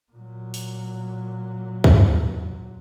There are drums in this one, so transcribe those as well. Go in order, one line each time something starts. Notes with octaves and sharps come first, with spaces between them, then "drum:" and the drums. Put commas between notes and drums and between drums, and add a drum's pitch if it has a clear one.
A#2 F#3
drum: open hi-hat
drum: kick